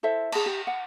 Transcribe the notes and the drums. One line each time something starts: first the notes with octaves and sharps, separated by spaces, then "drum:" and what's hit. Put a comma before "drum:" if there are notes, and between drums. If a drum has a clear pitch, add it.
E4 A4 C5 E5
G#4 A5, drum: cymbal
G4
F#5